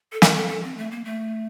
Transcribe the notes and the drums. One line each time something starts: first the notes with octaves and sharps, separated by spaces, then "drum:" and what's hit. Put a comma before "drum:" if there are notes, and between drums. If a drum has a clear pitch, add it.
A4
A#4, drum: snare
A4
A4
C4
A3
A#3
A3